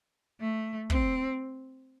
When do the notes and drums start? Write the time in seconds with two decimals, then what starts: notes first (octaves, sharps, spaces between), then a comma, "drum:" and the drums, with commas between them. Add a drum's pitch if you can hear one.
0.40 A3
0.90 C4, drum: kick